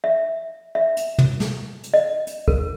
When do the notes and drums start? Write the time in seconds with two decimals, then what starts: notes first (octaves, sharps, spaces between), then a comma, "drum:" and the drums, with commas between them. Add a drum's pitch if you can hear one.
0.04 E5
0.75 E5
0.97 drum: hi-hat
1.18 drum: tom
1.40 drum: snare
1.84 drum: hi-hat
1.94 D#5
2.27 drum: hi-hat
2.48 A#4, drum: kick